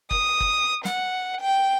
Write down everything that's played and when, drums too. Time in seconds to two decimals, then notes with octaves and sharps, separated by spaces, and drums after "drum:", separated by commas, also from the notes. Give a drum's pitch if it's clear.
0.11 D#6, drum: kick
0.40 drum: kick
0.85 F#5, drum: snare
1.41 G5